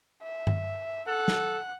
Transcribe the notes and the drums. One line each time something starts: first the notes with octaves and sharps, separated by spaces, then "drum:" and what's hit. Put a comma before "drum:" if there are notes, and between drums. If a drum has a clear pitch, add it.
E5
drum: tom G2
A4 F#5 F#6
drum: snare